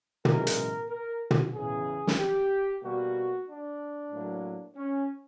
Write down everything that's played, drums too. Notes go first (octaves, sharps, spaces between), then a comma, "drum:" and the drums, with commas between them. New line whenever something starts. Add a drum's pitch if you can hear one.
F#2 C#3 E3 G#3 A#4, drum: tom
drum: hi-hat
A#4
drum: tom
E2 C#3 E3 G#4
drum: snare
G4
B2 G3 A#3 F#4
D4
A2 F#3 A#3
C#4